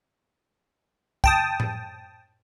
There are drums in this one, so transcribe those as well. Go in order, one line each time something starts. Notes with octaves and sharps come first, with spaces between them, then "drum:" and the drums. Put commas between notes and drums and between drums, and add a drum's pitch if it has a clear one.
G5 A5 D#6, drum: kick
drum: tom A2